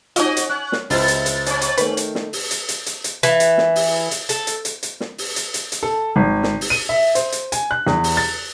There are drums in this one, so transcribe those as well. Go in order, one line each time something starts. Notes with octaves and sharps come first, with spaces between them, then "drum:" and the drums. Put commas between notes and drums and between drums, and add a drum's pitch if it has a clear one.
C4 D#4 F4 F#4 D#5, drum: hi-hat
drum: hi-hat
C#4 F#6
drum: snare
C#2 E4 C5 A6, drum: open hi-hat
drum: hi-hat
drum: hi-hat
C4 C#4, drum: hi-hat
drum: hi-hat
D#3 A3 B4, drum: hi-hat
drum: hi-hat
drum: snare
drum: open hi-hat
drum: hi-hat
drum: hi-hat
drum: hi-hat
drum: hi-hat
E3, drum: hi-hat
drum: hi-hat
drum: snare
drum: open hi-hat
drum: hi-hat
A4, drum: hi-hat
drum: hi-hat
drum: hi-hat
drum: hi-hat
drum: snare
drum: open hi-hat
drum: hi-hat
drum: hi-hat
drum: hi-hat
A4
G#1
drum: snare
drum: open hi-hat
D#7
E5
C5, drum: hi-hat
drum: hi-hat
G#5, drum: hi-hat
F#6
E2, drum: snare
drum: open hi-hat
A6